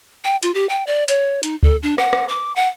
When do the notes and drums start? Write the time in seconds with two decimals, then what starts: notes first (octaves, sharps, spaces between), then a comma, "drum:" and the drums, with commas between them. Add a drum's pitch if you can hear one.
0.24 G5
0.43 F4, drum: hi-hat
0.54 G4
0.69 G5
0.87 D5
1.08 C#5, drum: hi-hat
1.43 D#4, drum: hi-hat
1.63 A4, drum: kick D2
1.83 D4
1.98 F#5, drum: rim click
2.13 drum: rim click
2.29 D6
2.56 F#5